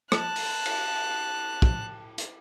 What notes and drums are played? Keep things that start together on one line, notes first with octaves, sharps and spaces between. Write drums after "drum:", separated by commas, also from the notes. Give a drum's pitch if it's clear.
A5 F#6, drum: rim click
drum: open hi-hat
drum: cymbal
drum: kick
drum: hi-hat